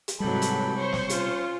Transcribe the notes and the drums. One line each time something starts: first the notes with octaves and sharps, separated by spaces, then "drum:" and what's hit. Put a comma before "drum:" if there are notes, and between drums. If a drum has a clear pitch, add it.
drum: hi-hat
G#2 C3 E3 F#3 G3 G4 A4 B5
drum: hi-hat
C5 C#5 C#6
drum: snare
C#4 F4, drum: hi-hat